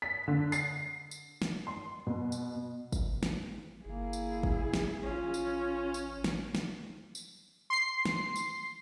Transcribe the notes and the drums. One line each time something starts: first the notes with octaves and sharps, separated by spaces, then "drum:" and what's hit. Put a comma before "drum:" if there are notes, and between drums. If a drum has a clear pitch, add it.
B6
D3
C7, drum: tambourine
drum: tambourine
drum: snare
C6
B2
drum: tambourine
drum: kick, tambourine
drum: snare
G1 A#3 E4 G#4
drum: tambourine
drum: kick
drum: snare
A1 C#4 F4
drum: tambourine
drum: tambourine
drum: snare
drum: snare
drum: tambourine
C6 C7
drum: snare
drum: tambourine